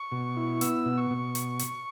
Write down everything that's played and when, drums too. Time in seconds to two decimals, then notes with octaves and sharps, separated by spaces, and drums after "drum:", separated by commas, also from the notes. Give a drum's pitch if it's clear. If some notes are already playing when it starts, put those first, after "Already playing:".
Already playing: C#6
0.12 B2
0.37 E4
0.61 B3 E6, drum: hi-hat
0.86 B2
0.97 C#6
1.11 B2
1.35 drum: hi-hat
1.59 drum: hi-hat